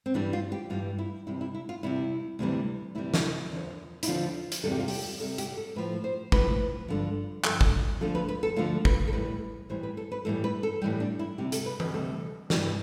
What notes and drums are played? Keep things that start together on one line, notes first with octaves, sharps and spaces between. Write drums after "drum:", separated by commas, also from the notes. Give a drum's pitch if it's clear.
C4
G2 E3 G3 D4
F4
G4
G2 E3 G3 F4
E4
E2 C3 G3 E4
E4
E4
F4
E2 C3 G3 E4
D2 C3 E3 G3
D2 C3 E3 G3 E4
drum: snare
E2 D3 F3
E4, drum: hi-hat
E2 D3 F3 F4
drum: hi-hat
E2 C3 G3 A4
G4
F4
G4, drum: open hi-hat
E2 C3 G3 A4
G4, drum: hi-hat
A4
A2 F3 B4
C5
A2 F3 B4, drum: kick
G2 D3 F3
G2 D3 F3 A4, drum: clap
drum: kick
D2 D3 F3 A4
B4
B4
A4
D2 D3 F3 F4
B4, drum: kick
A4
A2 E3 G3 B4
A2 E3 G3 C5
B4
A4
B4
A2 E3 G3 A4
B4
A4
A2 E3 G3 G4
D4
E4
D2 C3 G3 G4
A4, drum: hi-hat
B4
B4, drum: tom E3
D2 C3 G3 A4
G2 E3 G3, drum: snare